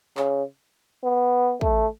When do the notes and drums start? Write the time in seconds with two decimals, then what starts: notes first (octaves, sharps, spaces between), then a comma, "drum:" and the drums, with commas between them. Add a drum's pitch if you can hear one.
0.17 C#3, drum: clap
1.04 B3
1.61 A3, drum: kick